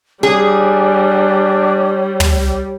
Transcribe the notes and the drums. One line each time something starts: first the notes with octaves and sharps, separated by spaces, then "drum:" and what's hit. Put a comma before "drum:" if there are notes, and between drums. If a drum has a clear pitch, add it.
G3 D4 G#4 C#5
drum: tom